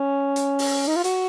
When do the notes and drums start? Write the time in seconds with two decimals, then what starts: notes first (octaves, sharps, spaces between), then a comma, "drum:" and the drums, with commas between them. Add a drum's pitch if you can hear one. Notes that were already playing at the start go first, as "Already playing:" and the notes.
Already playing: C#4
0.36 drum: hi-hat
0.59 drum: open hi-hat
0.87 D#4
0.96 F4
1.04 F#4, drum: hi-hat